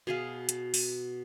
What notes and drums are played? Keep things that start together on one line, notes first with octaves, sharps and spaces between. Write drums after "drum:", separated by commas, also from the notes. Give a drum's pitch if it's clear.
B2 G#4 F5
drum: hi-hat
drum: open hi-hat